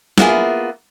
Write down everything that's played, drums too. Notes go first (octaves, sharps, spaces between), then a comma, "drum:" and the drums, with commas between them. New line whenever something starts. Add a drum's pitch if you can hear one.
A#3 B3 E4 F4 G#4, drum: snare